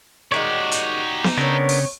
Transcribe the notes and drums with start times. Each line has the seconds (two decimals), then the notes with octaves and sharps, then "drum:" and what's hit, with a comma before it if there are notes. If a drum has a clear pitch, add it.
0.32 D3 D#3 G#3 D#4 F#4 G4 C#5 D5
0.71 drum: hi-hat
1.24 drum: snare B3
1.37 C#3 B3 C4 D4 A#4 C#5
1.69 drum: open hi-hat